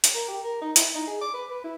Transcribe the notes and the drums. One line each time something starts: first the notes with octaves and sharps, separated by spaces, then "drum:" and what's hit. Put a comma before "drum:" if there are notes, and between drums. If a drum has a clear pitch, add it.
drum: hi-hat
A#4
G4
A#4
D#4
E4, drum: hi-hat
D#4
G#4
D6
B4
B4
E4